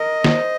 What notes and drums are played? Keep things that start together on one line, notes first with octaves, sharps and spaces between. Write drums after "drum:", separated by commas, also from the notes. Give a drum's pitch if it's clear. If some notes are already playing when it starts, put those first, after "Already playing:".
Already playing: A#4 D#5
C5, drum: snare